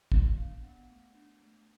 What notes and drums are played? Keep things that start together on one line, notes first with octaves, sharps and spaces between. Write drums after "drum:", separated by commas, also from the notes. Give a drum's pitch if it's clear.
B3 D5, drum: kick
D4 F5
B3 F#5
A3
D4
A3